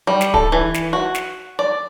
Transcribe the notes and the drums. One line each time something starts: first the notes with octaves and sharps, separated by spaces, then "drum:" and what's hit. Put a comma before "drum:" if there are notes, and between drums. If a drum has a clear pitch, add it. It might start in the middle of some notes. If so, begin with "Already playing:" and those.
G3
drum: snare
A4, drum: kick D1
E3
drum: snare
F#4
drum: snare
D5